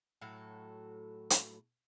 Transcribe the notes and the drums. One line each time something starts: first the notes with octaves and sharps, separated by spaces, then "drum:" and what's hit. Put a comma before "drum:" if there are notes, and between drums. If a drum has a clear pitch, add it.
A2 F#3 F#4 A4
drum: hi-hat